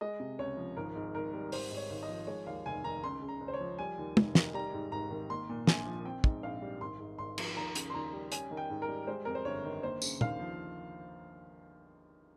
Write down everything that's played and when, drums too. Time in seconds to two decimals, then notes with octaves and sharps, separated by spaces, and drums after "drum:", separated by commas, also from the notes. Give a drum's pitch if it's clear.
0.01 G#3 D#5
0.20 C3
0.39 C#2 C#5
0.57 F3
0.77 G#1 A#4
0.95 G#2
1.15 G#1 A#4
1.33 G3
1.52 G#1 C5, drum: open hi-hat
1.71 G#2
1.77 C#5
1.90 G#1
2.03 D#5
2.09 F3
2.27 G#3 C#5
2.47 D#2 F5
2.66 F1 G#5
2.84 D#3 A#5
3.03 C#2 C6
3.22 C#3
3.28 A#5
3.41 C#2
3.48 C5
3.54 C#5
3.60 F3
3.79 G3 G#5
3.98 D#2
4.17 F1, drum: tom
4.35 D#3, drum: snare
4.54 G3 A#5
4.73 G#2
4.92 G#1 A#5
5.11 D#3
5.30 A#3 C6
5.49 A#2
5.67 A#1 G#5, drum: snare
5.86 F3
6.05 C4 G5
6.24 G#2, drum: kick
6.43 A#1 F5
6.62 G3
6.81 G#1 C6
7.00 G#2
7.18 G#1 C6
7.38 F3, drum: cymbal
7.56 D#2 A#5
7.75 C#3, drum: hi-hat
7.90 C6
7.94 D#2 A#5
8.13 G3
8.32 C#4 G#5, drum: hi-hat
8.51 D#3
8.57 G5
8.70 G#2
8.82 A#4
8.88 G3
9.07 G#3 C5
9.25 F2 A#4
9.35 C5
9.45 G1 C#5
9.64 D#3
9.83 A#3 C5
10.02 C#3, drum: tambourine
10.21 D#2 F5, drum: tom
10.39 F3